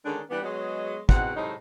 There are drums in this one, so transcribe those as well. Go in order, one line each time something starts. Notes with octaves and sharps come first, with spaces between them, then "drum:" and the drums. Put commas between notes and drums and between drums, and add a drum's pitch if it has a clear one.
D3 D#3 G#3 C#4 D4 G#4
E3 G3 B3 D4 F#5
F#3 G#3 B3 G#4 C#5 D#5
E2 B2 C4 D#4 F#5, drum: kick
A2 C3 F#3 G#3 D#4